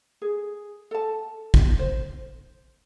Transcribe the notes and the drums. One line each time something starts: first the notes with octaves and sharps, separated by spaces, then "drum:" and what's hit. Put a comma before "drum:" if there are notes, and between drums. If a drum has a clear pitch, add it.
G#4
A4 A5
drum: kick
C5